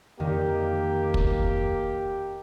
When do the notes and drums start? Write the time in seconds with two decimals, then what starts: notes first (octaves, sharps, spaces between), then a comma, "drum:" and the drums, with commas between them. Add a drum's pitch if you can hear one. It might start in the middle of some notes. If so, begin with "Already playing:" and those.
0.20 F2 D#3 A#3 G4
1.14 drum: kick